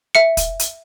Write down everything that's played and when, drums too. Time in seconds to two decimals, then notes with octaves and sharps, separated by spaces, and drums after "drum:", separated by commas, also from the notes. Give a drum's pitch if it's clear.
0.15 E5 C#7
0.37 drum: kick, hi-hat
0.59 drum: hi-hat